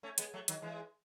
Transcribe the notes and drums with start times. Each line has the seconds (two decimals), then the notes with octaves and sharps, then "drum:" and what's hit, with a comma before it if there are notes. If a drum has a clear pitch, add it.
0.03 A3 C#4
0.18 G#3 B3, drum: hi-hat
0.34 F#3 A3
0.48 D#3 F#3, drum: hi-hat
0.62 E3 G#3